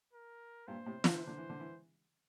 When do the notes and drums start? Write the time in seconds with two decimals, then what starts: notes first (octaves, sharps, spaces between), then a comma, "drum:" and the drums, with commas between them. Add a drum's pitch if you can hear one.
0.13 A#4
0.67 G2 A#2 C5
0.86 A2 C3
1.04 D3, drum: snare
1.16 E3
1.22 C5
1.27 D3
1.38 E3
1.50 D3
1.60 E3